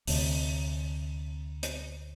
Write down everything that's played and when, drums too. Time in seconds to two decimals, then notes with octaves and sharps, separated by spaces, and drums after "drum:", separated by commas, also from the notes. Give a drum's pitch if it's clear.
0.07 D2 C3, drum: open hi-hat
1.63 drum: hi-hat